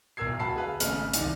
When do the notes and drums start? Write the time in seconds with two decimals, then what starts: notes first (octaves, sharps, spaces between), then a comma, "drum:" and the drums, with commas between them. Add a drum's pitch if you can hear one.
0.17 B1 E2 A#4 E6 G#6 C7
0.39 D1 F#4 A5 B5 C7
0.56 G#4 B4 F5
0.80 G#1 C#3 A3 D#5 F6 F#7, drum: hi-hat
1.14 C2 D#3 D5, drum: hi-hat